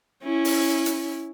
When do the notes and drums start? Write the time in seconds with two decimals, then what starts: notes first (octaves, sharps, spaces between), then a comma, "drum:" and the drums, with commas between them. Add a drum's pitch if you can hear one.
0.24 C#4 E4
0.45 drum: open hi-hat
0.86 drum: hi-hat